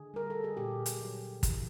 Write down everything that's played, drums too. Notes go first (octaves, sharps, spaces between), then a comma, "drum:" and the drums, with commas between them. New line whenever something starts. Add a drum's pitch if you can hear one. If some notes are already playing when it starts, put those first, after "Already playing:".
Already playing: D3 G#4
G3 A#4
A4
G#4
A#2 G4
drum: hi-hat
F#3
E3, drum: kick, hi-hat